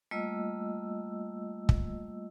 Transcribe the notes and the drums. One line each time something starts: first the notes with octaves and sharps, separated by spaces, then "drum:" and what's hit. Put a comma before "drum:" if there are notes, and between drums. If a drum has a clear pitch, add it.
G3 A3 A#3 F4 D#5 E6
drum: kick